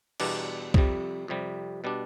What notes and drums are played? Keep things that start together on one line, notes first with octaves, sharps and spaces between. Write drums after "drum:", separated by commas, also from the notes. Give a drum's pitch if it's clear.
E2 B2 G3 D4, drum: cymbal
F2 C3 G3, drum: kick
F2 C3 G3
B2 G3 D4